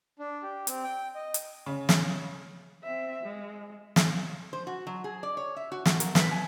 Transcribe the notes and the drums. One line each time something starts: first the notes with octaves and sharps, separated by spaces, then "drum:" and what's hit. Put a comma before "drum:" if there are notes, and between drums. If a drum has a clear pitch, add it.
D4
G4
C4, drum: hi-hat
G5
D#5
drum: hi-hat
C#3
drum: snare
C4 E5
G#3
drum: snare
C5
F#4
F#3
G#4
D5
C#5
E5
F#4
F#4, drum: snare
A#4, drum: hi-hat
B4, drum: snare
G#5